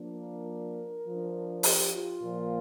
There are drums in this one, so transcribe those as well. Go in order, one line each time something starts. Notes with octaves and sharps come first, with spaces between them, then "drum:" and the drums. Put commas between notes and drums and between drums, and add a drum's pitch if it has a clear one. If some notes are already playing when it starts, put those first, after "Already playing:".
Already playing: F3 A#3 D4
A#4
F3 D4
G4, drum: open hi-hat
F4
A#2 F3 A#3